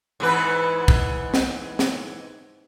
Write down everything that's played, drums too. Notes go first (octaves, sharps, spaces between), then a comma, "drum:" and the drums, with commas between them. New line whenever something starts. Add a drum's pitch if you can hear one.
G#2 E3 B4
drum: kick
drum: snare
drum: snare